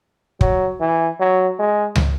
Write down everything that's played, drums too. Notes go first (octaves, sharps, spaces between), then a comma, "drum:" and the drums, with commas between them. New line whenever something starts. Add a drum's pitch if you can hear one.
F#3, drum: kick
E3
F#3
G#3
drum: tom C#2